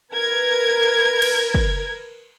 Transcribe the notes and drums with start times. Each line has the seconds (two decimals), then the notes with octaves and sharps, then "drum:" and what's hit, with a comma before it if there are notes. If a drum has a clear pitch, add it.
0.15 A#4 B4 G#6
1.22 drum: cymbal
1.54 drum: kick